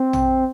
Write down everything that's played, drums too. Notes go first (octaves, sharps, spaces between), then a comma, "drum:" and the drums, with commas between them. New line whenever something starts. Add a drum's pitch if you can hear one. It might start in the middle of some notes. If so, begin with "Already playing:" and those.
Already playing: C4
drum: tom A#1